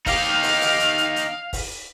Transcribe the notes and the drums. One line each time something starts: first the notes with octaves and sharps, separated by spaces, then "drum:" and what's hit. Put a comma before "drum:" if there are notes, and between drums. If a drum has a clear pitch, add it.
D#4 G4 F5, drum: kick, open hi-hat
drum: open hi-hat
drum: open hi-hat
drum: hi-hat
drum: hi-hat
drum: hi-hat
drum: kick, open hi-hat